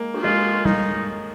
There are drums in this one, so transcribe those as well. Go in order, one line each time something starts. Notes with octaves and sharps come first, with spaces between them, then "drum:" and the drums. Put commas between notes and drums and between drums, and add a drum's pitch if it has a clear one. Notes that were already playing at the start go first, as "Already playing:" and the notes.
Already playing: G#3 A#3
drum: cymbal
G#3 F4
D#4, drum: tom G3